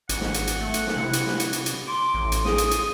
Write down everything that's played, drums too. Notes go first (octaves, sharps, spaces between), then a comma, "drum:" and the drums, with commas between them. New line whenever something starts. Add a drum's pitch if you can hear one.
G#1 F#5, drum: hi-hat
drum: snare
drum: hi-hat
drum: hi-hat
A3
drum: hi-hat
drum: snare
C3 E4
drum: hi-hat
drum: snare
drum: hi-hat
drum: hi-hat
drum: hi-hat
C6 D6
A1
drum: hi-hat
G#4 D#6, drum: snare
drum: hi-hat
drum: hi-hat